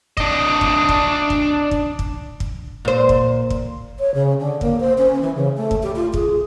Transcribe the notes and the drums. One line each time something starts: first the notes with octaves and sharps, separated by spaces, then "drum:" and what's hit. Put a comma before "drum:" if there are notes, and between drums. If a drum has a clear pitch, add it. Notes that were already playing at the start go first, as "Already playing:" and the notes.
D4 D#5, drum: kick
drum: kick
drum: kick
drum: kick
drum: kick
drum: kick
drum: kick
A#2 C5
drum: kick
drum: kick
C#5
C#3
D3
A#3, drum: kick
C5
C#4
E3
C#3
A3
drum: kick
G4
F4
G#4, drum: kick